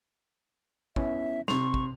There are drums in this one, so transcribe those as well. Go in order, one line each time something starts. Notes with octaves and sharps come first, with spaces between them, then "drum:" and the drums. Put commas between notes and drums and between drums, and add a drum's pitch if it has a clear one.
B3 C#4 E4 E5, drum: kick
C3 C6 C#6 F7, drum: snare
drum: kick